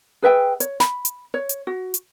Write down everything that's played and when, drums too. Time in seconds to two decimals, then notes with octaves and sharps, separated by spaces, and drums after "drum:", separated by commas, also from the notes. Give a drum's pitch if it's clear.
0.22 G#4 B4 E5 G5
0.60 C#5, drum: hi-hat
0.80 B5, drum: snare
1.05 drum: hi-hat
1.34 C#5
1.49 drum: hi-hat
1.67 F#4
1.94 drum: hi-hat